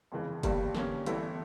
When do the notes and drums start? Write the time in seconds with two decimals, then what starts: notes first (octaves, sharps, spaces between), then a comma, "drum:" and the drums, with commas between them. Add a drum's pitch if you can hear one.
0.12 G1 F2 C#3 E3
0.43 G1 G2 D3 G3 A#3, drum: kick, hi-hat
0.75 E2 D3 G3 A#3 C#4, drum: snare
1.06 G1 G2 E3 A3 E4, drum: hi-hat